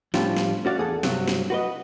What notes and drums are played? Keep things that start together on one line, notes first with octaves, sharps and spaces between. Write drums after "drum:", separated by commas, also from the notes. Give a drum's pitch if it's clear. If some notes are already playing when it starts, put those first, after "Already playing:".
A2 F3 G3 C#4 D4 F4, drum: snare
drum: snare
C#4 F#4 D5 F5
E2 G#4 A4
G2 C3 F#3, drum: snare
drum: snare
F#4 B4 D#5